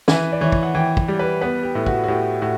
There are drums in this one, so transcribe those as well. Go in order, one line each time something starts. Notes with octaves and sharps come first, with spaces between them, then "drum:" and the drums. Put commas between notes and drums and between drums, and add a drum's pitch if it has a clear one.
E3 B4, drum: snare
D5
E3 C#5
drum: kick
F#5
E3 G5
drum: kick
G3
B4
B3 B4
G4
A2
F#4, drum: kick
F#4
A2 G4
A2 F#4